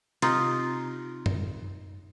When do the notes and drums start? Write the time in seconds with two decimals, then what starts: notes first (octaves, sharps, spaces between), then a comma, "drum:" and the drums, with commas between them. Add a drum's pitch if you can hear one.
0.22 C3 D#4 F4, drum: cymbal
1.26 drum: tom F#2